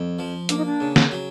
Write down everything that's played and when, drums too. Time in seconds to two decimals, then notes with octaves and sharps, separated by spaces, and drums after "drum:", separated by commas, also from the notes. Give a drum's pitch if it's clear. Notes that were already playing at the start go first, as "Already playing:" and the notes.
Already playing: F2
0.19 F3
0.49 A#3 D4, drum: hi-hat
0.58 D#4
0.65 D4
0.80 C#3
0.96 drum: snare
1.12 F#3